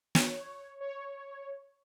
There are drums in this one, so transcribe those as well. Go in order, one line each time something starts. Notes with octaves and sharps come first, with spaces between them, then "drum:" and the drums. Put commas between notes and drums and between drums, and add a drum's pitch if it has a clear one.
C#5, drum: snare
C#5